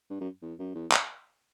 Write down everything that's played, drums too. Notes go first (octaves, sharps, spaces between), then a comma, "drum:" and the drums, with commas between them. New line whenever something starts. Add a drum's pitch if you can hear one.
G2
F#2
E2
F#2
E2
drum: clap